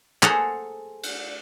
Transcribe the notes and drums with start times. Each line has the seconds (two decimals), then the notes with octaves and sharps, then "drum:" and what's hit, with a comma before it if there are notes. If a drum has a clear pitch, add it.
0.23 G#4 A4 C5 F#5 A#5, drum: clap
1.03 drum: cymbal